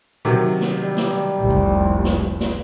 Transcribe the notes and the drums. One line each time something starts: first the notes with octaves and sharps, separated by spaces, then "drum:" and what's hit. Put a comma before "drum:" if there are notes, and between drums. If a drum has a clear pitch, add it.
C3 D#3 F#3
drum: snare
G3
drum: snare
F1 C2
drum: kick A1
drum: snare
drum: snare